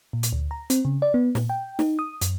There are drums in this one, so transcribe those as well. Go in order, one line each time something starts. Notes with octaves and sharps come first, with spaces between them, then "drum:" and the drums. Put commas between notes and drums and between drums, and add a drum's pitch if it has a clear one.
A#2
drum: hi-hat
D2
A#5
C4, drum: hi-hat
C#3
D5
B3
A#2, drum: snare
G5
D#4, drum: snare
D#6
F#2, drum: hi-hat